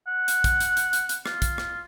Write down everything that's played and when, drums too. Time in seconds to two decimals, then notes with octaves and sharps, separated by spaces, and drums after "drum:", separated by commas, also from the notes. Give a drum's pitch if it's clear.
0.07 F#5
0.28 drum: hi-hat
0.44 drum: kick, hi-hat
0.60 drum: hi-hat
0.77 drum: hi-hat
0.93 drum: hi-hat
1.09 drum: hi-hat
1.26 F4, drum: rim click
1.42 drum: kick, hi-hat
1.58 drum: rim click